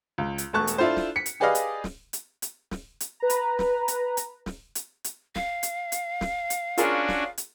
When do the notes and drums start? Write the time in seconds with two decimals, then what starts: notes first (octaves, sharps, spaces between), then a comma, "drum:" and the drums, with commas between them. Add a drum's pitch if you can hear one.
0.18 C#2
0.38 drum: hi-hat
0.53 E1 A3 A5 C#6 F#6
0.67 drum: hi-hat
0.78 D4 E4 F4 A4 C5
0.96 drum: snare
1.16 B6 C#7
1.26 drum: hi-hat
1.40 G4 G#4 B4 D5 D#5 F5
1.55 drum: hi-hat
1.84 drum: snare
2.13 drum: hi-hat
2.42 drum: hi-hat
2.71 drum: snare
3.00 drum: hi-hat
3.20 B4 A#5
3.30 drum: hi-hat
3.59 drum: snare
3.88 drum: hi-hat
4.17 drum: hi-hat
4.46 drum: snare
4.75 drum: hi-hat
5.04 drum: hi-hat
5.35 F5, drum: snare
5.63 drum: hi-hat
5.92 drum: hi-hat
6.21 drum: snare
6.50 drum: hi-hat
6.78 C#4 D4 F4 F#4 G#4 A#4, drum: hi-hat
7.08 drum: snare
7.38 drum: hi-hat